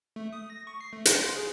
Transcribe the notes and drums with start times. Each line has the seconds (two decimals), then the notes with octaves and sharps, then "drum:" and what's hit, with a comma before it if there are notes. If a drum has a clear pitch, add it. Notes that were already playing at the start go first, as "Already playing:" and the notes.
0.16 A3
0.33 D#6
0.50 A#6
0.67 C#6
0.81 C7
0.93 A3
1.05 C5, drum: hi-hat
1.23 C6
1.36 G#4